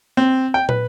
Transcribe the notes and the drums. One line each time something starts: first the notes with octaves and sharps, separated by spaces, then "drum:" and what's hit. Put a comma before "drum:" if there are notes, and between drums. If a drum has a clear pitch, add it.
C4
G5
B4, drum: tom